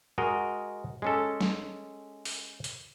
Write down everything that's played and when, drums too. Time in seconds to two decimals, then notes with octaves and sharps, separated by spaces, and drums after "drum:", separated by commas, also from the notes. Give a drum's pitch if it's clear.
0.18 G#3 F#4 A#4 D#5
1.02 G#3 C#4 A4
1.41 drum: snare
2.25 drum: open hi-hat
2.64 drum: hi-hat